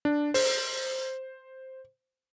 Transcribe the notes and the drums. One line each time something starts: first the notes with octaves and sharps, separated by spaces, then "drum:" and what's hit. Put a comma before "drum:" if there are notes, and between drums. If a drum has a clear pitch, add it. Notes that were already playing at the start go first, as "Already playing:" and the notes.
D4
C5, drum: open hi-hat